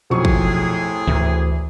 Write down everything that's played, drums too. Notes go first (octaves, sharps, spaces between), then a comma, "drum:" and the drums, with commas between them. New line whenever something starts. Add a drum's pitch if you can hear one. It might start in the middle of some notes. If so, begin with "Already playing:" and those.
B1 F2 A2 C3 G#4 C#6
drum: kick
D2 E3, drum: tom